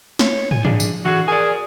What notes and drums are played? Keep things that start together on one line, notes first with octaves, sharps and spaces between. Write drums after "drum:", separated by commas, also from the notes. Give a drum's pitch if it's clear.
C#5, drum: snare
G#5, drum: tom
F3 D4 G#4, drum: tom
drum: tambourine
D3 E3 F#4 G#4
G#4 A#4 D5 G#5